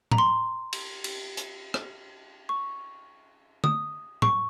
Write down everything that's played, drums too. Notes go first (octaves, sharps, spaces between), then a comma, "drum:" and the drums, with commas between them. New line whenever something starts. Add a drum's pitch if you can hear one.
A#5, drum: tom
C6
drum: cymbal
drum: cymbal
drum: hi-hat
drum: rim click
C#6
D#6, drum: tom
C#6, drum: tom